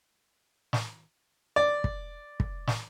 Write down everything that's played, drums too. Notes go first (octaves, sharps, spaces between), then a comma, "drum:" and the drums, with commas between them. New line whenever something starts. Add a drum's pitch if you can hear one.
drum: snare
D5
drum: kick
drum: kick
drum: snare